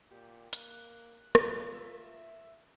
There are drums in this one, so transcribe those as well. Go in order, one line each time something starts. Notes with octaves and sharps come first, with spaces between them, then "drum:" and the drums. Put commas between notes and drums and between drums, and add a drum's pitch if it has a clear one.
A#2 G4
A#3 F#6, drum: hi-hat
F4 A#6, drum: rim click
E5